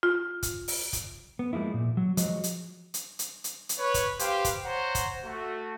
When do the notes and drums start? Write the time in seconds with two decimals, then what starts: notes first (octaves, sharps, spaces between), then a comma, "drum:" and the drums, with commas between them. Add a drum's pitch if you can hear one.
0.03 F4
0.43 drum: kick, hi-hat
0.68 drum: open hi-hat
0.93 drum: kick, hi-hat
1.39 B3
1.53 F3 G#3 A#3 E4
1.74 A#2
1.97 F#3
2.17 F3 F#3 G#3 F#4 D#5, drum: hi-hat
2.44 drum: hi-hat
2.94 drum: hi-hat
3.19 drum: hi-hat
3.44 drum: hi-hat
3.69 drum: hi-hat
3.78 B4 C#5
3.94 drum: kick, hi-hat
4.19 G4 B4 C5 F5, drum: hi-hat
4.44 drum: kick, hi-hat
4.64 C5 C#5 F#5 A#5
4.95 drum: kick, hi-hat
5.23 A3 F#4